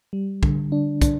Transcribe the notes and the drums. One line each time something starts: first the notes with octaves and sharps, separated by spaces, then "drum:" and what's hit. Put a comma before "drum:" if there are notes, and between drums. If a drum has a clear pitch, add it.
G3
D3, drum: kick
D4
D4, drum: kick, hi-hat